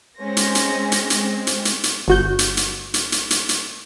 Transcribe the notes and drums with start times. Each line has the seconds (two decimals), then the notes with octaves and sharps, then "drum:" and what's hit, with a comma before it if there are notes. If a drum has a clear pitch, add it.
0.18 G#3 C4 C#4 C5 A#6
0.37 drum: hi-hat
0.55 drum: hi-hat
0.92 drum: hi-hat
1.10 drum: hi-hat
1.47 drum: hi-hat
1.65 drum: hi-hat
1.84 drum: hi-hat
2.08 G1 F#4 G6
2.39 drum: hi-hat
2.57 drum: hi-hat
2.94 drum: hi-hat
3.12 drum: hi-hat
3.30 drum: hi-hat
3.49 drum: hi-hat